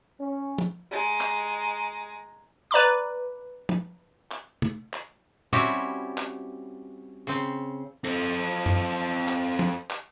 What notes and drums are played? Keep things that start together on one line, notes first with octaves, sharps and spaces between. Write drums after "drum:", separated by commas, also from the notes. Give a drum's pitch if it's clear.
C#4
drum: tom
G#3 A#5
drum: clap
B4 D5 A#5 B5 D6
drum: tom
drum: clap
drum: tom
drum: clap
G3 C4 C#4 E4 F#4 G4, drum: tom
drum: clap
C#3 C4
C4 A4
drum: tom F#2
drum: clap
drum: tom
drum: clap